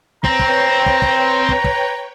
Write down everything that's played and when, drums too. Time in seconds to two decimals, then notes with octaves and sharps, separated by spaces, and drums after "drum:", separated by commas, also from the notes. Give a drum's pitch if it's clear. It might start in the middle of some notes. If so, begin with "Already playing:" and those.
0.24 C4 B4 C#5 G5 A#5, drum: kick
0.39 drum: kick
0.86 drum: kick
1.02 drum: kick
1.49 drum: kick
1.64 drum: kick